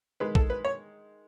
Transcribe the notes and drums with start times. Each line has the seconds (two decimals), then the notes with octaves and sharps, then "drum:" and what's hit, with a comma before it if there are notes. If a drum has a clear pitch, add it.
0.20 D#3 G#3 B4
0.35 A4, drum: kick
0.50 B4
0.65 C#5